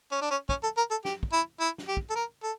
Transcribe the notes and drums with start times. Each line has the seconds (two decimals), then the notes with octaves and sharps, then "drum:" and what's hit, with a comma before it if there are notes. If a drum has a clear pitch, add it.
0.12 C#4
0.21 D4
0.31 C#4
0.49 C#4, drum: kick
0.63 A4
0.77 A#4
0.91 A4
1.05 G4, drum: snare
1.23 drum: kick
1.32 E4
1.60 E4
1.78 drum: snare
1.88 G4
1.97 drum: kick
2.10 A4
2.15 A#4
2.43 A4